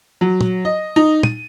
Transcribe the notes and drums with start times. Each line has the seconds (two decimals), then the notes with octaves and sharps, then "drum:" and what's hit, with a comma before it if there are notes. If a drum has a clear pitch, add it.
0.21 F#3
0.41 drum: tom
0.65 D#5
0.96 D#4
1.23 D#7, drum: tom